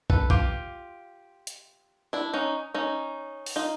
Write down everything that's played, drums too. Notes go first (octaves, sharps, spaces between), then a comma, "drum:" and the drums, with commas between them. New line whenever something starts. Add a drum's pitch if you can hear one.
A4 B4, drum: kick
F4 G4, drum: kick
drum: hi-hat
D4 E4
C#4 D#4
C#4 D#4
drum: open hi-hat
D#4 F4